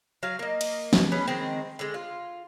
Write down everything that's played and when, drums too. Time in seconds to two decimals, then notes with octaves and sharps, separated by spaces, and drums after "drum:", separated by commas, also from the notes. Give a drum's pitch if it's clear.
0.23 F#3 F5
0.39 A#3 D#5
0.61 drum: cymbal
0.93 drum: snare
1.12 B3 C#4 G#4
1.28 D#3 G#3 C4
1.79 D3 G#3
1.94 F4